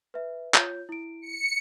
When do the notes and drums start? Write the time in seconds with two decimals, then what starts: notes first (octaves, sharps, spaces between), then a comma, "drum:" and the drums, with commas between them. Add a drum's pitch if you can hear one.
0.14 B4 E5
0.54 F4 C#5 G6, drum: clap
0.89 E4 D7
1.22 C#7